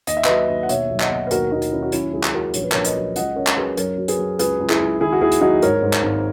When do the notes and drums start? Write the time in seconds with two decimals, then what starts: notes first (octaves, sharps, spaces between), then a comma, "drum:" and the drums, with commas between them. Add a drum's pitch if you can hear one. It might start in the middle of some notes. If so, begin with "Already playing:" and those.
0.07 D#2 D#5, drum: hi-hat
0.17 E5
0.25 F#3 B4 D#5, drum: clap
0.49 D#2
0.63 F#5
0.69 B2 C#5 E5, drum: hi-hat
0.90 B1
1.00 D#5 F#5, drum: clap
1.11 B2
1.27 B4
1.31 D#2 F#4 A#4, drum: hi-hat
1.51 D#2 D#4 F#4
1.62 drum: hi-hat
1.72 D#3 C#4 E4
1.83 F#4
1.92 F#3 C#4 E4, drum: hi-hat
2.13 C#2 E4 G#4
2.23 drum: clap
2.34 F#3 F#4 A#4
2.54 A#1 C#5, drum: hi-hat
2.63 B4
2.72 A#1 A#4 C#5, drum: clap
2.84 B4 D#5, drum: hi-hat
2.95 F#3
3.16 C#2 D#5 F#5, drum: hi-hat
3.36 C#3 A#4 C#5
3.47 drum: clap
3.57 F#3 G#4 B4
3.77 F#2 A#4 C#5, drum: hi-hat
3.98 F#3
4.08 G#4 B4, drum: hi-hat
4.19 F#3
4.39 C#2 G#4 B4, drum: hi-hat
4.60 C#2
4.70 E4 G#4, drum: clap
4.80 C#2
5.01 D#3 E4 G#4
5.12 F#4
5.21 D#2 E4 G#4
5.32 drum: hi-hat
5.41 F#3 D#4 F#4
5.62 G#2 A#4 C#5, drum: hi-hat
5.82 G#2
5.93 drum: clap
6.03 G#1